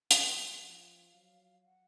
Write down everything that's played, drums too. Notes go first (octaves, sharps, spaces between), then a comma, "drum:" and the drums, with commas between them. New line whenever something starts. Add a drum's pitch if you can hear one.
F3 F#5, drum: hi-hat
F3 F5
F#3
F#5